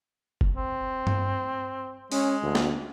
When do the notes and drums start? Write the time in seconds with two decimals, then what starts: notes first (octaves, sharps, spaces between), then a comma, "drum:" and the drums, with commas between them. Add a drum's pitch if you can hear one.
0.41 drum: kick
0.56 C4
1.07 drum: tom G2
2.12 G#3 C#4, drum: open hi-hat
2.42 D2
2.55 drum: snare